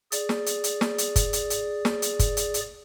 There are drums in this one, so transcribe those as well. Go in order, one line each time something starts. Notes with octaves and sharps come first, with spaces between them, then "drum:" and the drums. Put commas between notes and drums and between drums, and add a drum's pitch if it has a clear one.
G#4 D5, drum: hi-hat
drum: snare
drum: hi-hat
drum: hi-hat
drum: snare
drum: hi-hat
drum: kick, hi-hat
drum: hi-hat
drum: hi-hat
drum: snare
drum: hi-hat
drum: kick, hi-hat
drum: hi-hat
drum: hi-hat